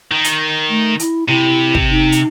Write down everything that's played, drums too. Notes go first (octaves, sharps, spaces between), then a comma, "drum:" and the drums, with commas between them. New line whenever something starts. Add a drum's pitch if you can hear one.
D#3
drum: hi-hat
A3
E4, drum: hi-hat
C3 E4
drum: kick
D#4
drum: hi-hat